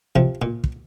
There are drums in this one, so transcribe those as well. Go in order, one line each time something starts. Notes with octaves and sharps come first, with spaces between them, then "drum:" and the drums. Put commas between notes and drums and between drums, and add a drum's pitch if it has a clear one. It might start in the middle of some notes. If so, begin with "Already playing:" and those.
C3 F3
A#2
drum: kick